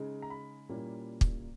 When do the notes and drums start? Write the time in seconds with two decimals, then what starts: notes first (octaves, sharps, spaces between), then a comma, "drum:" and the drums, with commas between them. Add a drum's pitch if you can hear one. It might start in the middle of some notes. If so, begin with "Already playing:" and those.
Already playing: C#3 G#3 D#4
0.22 A#5
0.30 B5
0.69 A#2 G3 A#3 C#4 E4
1.21 drum: kick